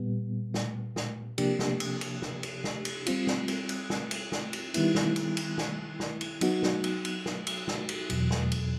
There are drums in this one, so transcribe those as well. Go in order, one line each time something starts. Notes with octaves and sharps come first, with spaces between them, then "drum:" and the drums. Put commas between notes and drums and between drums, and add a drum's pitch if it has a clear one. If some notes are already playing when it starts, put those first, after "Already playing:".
Already playing: A#2 G3 B3
drum: snare
drum: snare
C3 F3 A#3 D4 G4, drum: cymbal
drum: snare
drum: cymbal
drum: cymbal
drum: snare
drum: cymbal
drum: snare
drum: cymbal
G3 C4 F4, drum: cymbal
drum: snare
drum: cymbal
drum: cymbal
drum: snare
drum: cymbal
drum: snare
drum: cymbal
D#3 G3 B3 E4, drum: cymbal
drum: snare
drum: cymbal
drum: cymbal
drum: snare
drum: snare
drum: cymbal
F#3 B3 D#4 F#4, drum: cymbal
drum: snare
drum: cymbal
drum: cymbal
drum: snare
drum: cymbal
drum: snare
drum: cymbal
E2 B2 F#3, drum: cymbal
drum: snare
drum: cymbal